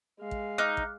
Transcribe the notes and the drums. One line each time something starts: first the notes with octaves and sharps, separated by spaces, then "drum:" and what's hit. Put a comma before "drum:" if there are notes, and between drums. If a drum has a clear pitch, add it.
G#3 F5
drum: kick
D#4 D6 F6 F#6
drum: kick